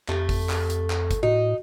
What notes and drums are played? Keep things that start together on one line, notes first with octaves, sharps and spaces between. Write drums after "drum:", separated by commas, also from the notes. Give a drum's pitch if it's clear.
F2 A3 G4, drum: clap
drum: kick G1, open hi-hat
drum: clap
drum: hi-hat
drum: clap
drum: kick G1, hi-hat
A2 D#4 F#4